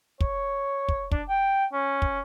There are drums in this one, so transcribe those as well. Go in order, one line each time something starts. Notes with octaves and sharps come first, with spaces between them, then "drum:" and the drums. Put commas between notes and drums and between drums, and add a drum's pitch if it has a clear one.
C#5, drum: kick
drum: kick
D4, drum: kick
G5
C#4
drum: kick